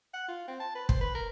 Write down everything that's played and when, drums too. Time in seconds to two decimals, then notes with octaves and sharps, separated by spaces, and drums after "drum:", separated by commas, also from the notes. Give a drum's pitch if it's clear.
0.14 F#5
0.28 F4
0.48 C4
0.60 A5
0.75 B4
0.89 C5, drum: kick
1.01 B4
1.15 A#4